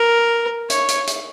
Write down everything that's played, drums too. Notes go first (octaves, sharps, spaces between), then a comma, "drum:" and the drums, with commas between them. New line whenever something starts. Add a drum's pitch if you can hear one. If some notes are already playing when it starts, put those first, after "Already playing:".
Already playing: A#4
C#5, drum: hi-hat
drum: hi-hat
drum: hi-hat